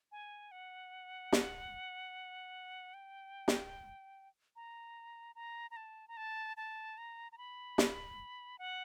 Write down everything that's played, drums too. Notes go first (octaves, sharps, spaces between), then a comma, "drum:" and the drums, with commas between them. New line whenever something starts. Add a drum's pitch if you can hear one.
G#5
F#5
drum: snare
G5
drum: snare
A#5
A#5
A#5
A5
A#5
A5
A5
A#5
A#5
B5
drum: snare
F#5